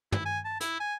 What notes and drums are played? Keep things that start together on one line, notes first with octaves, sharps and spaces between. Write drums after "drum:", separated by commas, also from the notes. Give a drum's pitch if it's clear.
E4, drum: tom
G#5
A5
E4, drum: hi-hat
G#5